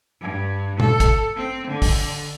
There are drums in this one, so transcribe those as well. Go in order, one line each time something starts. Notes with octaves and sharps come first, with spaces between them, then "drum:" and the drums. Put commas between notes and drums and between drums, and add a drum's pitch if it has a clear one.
G2
A4, drum: tom
drum: kick, hi-hat
C4
D3
drum: kick, open hi-hat